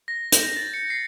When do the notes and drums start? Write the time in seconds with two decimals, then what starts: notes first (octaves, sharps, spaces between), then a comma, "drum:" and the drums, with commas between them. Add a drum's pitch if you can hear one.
0.08 A#6
0.32 G6, drum: hi-hat
0.57 A6
0.74 C#7
0.90 C7